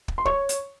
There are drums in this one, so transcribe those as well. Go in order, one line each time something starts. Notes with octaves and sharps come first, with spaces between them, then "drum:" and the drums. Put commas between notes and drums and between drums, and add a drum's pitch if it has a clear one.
drum: kick
C6
C#5 C#6, drum: kick
drum: hi-hat